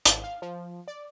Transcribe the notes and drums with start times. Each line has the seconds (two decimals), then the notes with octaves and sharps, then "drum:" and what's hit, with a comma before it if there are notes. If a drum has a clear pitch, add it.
0.05 G#1, drum: hi-hat
0.24 F5
0.42 F3
0.88 D5